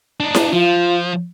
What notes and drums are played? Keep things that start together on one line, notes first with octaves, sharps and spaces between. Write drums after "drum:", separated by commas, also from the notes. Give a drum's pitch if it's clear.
D4 D#4
drum: snare E4
F3 F4